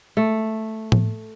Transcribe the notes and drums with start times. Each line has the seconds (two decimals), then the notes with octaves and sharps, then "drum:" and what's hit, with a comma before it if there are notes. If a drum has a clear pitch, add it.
0.17 A3
0.92 drum: tom A2